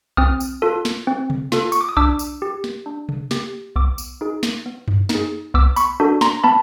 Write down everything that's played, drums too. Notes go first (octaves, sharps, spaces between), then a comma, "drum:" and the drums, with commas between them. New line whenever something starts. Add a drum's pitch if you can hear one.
C4 D#6 F6, drum: kick B1
drum: tambourine
F4 A4
drum: snare
C4
drum: tom C3
F4 A4, drum: snare
C#6, drum: tambourine
D6
D#6
D4 D6 E6, drum: kick B1
drum: tambourine
G4
drum: snare
D4
drum: tom C3
G4, drum: snare
B3 D6 E6, drum: kick B1
drum: tambourine
D#4 G#4
drum: snare
B3
drum: tom F#2
D#4, drum: snare
G#4
B3 D6 E6, drum: kick B1
B5 C#6, drum: tambourine
D4 F#4 A4
A#5 C6, drum: snare
B3 A5 B5